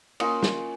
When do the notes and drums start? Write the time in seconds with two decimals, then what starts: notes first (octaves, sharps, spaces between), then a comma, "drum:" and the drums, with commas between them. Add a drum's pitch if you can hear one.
0.20 A#3 C#4 F4 D#5, drum: cymbal
0.43 drum: snare